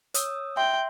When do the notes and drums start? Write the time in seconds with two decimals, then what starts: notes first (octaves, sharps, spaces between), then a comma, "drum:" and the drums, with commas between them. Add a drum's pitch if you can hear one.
0.14 C#5 D#6 E6, drum: hi-hat
0.57 E5 G5 C6